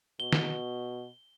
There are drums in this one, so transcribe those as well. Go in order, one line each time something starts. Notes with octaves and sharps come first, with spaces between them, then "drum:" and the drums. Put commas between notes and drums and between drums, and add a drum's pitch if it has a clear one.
B2 G7
drum: snare